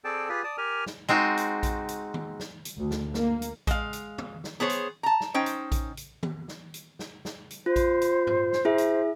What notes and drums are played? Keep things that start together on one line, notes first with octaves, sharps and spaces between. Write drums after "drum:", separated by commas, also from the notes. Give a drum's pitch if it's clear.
C4 G#4 A4 D5 G5 A5
F4 G4 G#4 B4
D5 A5 D#6
G4 A#4 G#5 F6
drum: snare
G#3 C4 D#4 F#4
drum: hi-hat
drum: kick A#1, hi-hat
drum: hi-hat
drum: tom D#3
drum: snare
drum: hi-hat
D2
drum: snare
A#3, drum: snare
drum: hi-hat
G#3 F5, drum: kick A#1, hi-hat
drum: hi-hat
drum: tom
drum: snare
B3 G#4 C5 C#5
drum: hi-hat
A5 A#5
drum: snare
C#4 D#4 C5 G5
drum: hi-hat
drum: kick A#1, hi-hat
drum: hi-hat
drum: tom D#3
drum: snare
drum: hi-hat
drum: snare
drum: snare
drum: hi-hat
F4 C5
drum: kick A#1, hi-hat
drum: hi-hat
drum: tom G2
drum: snare
E4 G#4 E5
drum: hi-hat